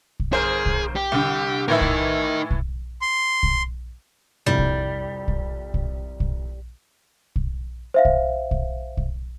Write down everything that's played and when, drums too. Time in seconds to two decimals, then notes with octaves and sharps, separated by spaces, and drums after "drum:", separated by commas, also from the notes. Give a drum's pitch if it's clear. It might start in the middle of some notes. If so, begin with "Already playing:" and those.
0.20 drum: kick
0.33 G1 G#4 A#4 C5
0.66 drum: kick
0.96 G4
1.12 C2 D3
1.68 A2 E3 D#4 E4 A#4
1.81 drum: kick
2.51 drum: kick
3.01 C6
3.43 drum: kick
4.46 C2 F2 C3 G3
4.58 drum: kick
5.28 drum: kick
5.74 drum: kick
6.20 drum: kick
7.36 drum: kick
7.94 C5 E5 F5
8.05 drum: kick
8.51 drum: kick
8.97 drum: kick